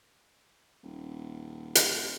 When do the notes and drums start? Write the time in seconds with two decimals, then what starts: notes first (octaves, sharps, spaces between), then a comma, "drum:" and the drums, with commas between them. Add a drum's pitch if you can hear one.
0.83 D#1
1.75 drum: hi-hat